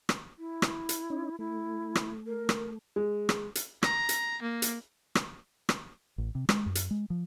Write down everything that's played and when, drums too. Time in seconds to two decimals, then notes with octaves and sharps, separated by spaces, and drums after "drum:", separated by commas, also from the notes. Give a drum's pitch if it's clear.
0.09 drum: rim click
0.39 E4
0.62 drum: rim click
0.89 drum: hi-hat
1.10 C#4 D#4
1.39 A3 E4
1.95 drum: rim click
2.27 A#4
2.49 drum: rim click
2.96 G#3
3.29 drum: rim click
3.55 drum: hi-hat
3.83 A#5, drum: rim click
4.09 drum: hi-hat
4.42 A#3
4.62 drum: hi-hat
5.15 drum: rim click
5.69 drum: rim click
6.18 A1
6.35 C3
6.49 G#3, drum: rim click
6.66 F#2
6.75 drum: hi-hat
6.91 G#3
7.10 F3